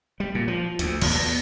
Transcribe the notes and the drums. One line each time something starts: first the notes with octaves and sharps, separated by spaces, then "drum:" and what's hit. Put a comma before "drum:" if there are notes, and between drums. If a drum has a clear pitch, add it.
G3
A#2
F3
D2, drum: hi-hat
D#2, drum: cymbal
B2